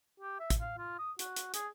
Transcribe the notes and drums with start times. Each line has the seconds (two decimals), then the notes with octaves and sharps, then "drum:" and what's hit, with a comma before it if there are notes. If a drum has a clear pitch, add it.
0.20 G4
0.39 E5
0.50 drum: kick, hi-hat
0.61 F5
0.78 F4
0.99 D#6
1.19 F#4, drum: hi-hat
1.36 drum: hi-hat
1.54 G#4, drum: hi-hat